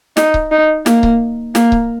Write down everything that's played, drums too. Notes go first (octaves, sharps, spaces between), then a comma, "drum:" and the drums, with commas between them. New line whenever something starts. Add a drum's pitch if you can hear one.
D#4, drum: snare
drum: kick C#1
D#4
A#3, drum: snare
drum: kick C#1
A#3, drum: snare
drum: kick C#1